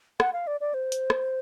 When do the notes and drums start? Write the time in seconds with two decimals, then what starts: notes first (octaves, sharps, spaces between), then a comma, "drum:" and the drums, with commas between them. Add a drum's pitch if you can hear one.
0.20 F#5, drum: rim click
0.33 F5
0.47 D5
0.61 D5
0.74 C5
0.92 drum: hi-hat
1.10 drum: rim click